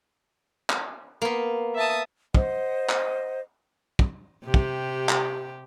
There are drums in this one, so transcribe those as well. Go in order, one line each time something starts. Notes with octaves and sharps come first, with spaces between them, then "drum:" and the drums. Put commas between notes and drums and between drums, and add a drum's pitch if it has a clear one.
drum: clap
A#3 B3
E5 A5 D#6
C5 D#5 F#5, drum: kick
drum: clap
drum: kick
C3 G4
drum: kick
drum: clap